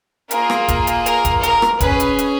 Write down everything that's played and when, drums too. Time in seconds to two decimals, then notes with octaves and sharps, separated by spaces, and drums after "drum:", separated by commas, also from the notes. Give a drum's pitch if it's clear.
0.31 A#3 F4 G#4 A#4, drum: hi-hat
0.50 drum: rim click
0.68 drum: kick, hi-hat
0.87 drum: hi-hat
1.06 A#4, drum: hi-hat
1.25 drum: kick, hi-hat
1.43 A#4, drum: hi-hat
1.62 drum: rim click
1.80 C#4 G#4 B4, drum: kick, hi-hat
2.00 drum: hi-hat
2.19 drum: hi-hat